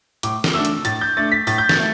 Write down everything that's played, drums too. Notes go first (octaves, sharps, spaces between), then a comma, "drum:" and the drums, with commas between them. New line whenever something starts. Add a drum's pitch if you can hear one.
A2 D6, drum: hi-hat
drum: snare
A3 D4 E6
drum: hi-hat
A2 A6, drum: hi-hat
G6
A3 D4 A6
B6
A2 A6, drum: open hi-hat
G6
A6, drum: snare
A3